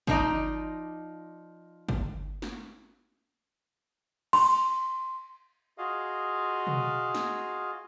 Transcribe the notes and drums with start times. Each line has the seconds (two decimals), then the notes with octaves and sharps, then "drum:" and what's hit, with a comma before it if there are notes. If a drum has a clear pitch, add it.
0.07 F3 D4 D#4 D5 D#5, drum: kick G1
1.89 drum: kick G1
2.42 drum: snare
4.33 C6, drum: cymbal
5.78 F4 F#4 G#4 D#5 F5
6.67 drum: tom
7.15 drum: snare